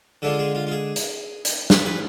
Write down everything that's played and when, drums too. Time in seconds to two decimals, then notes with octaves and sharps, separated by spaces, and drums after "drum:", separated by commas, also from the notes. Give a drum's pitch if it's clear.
0.22 D3 G#3 D4 F4 A4
0.39 G#4
0.55 F4
0.67 F4
0.72 G#4
0.96 drum: hi-hat
1.45 drum: hi-hat
1.70 B4, drum: snare
1.86 B4